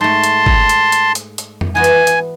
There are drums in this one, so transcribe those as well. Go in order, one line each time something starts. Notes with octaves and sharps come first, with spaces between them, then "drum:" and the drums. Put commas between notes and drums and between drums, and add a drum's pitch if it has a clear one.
G#2 A3 A5 C6
drum: hi-hat
drum: kick G1
drum: hi-hat
drum: hi-hat
drum: hi-hat
drum: hi-hat
drum: tom F2
E3 B3 F#4 G#5
drum: hi-hat
drum: hi-hat